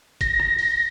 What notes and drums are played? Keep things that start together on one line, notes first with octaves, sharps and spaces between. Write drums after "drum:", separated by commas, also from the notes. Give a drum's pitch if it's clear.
A#6, drum: kick G1, hi-hat
drum: rim click
drum: open hi-hat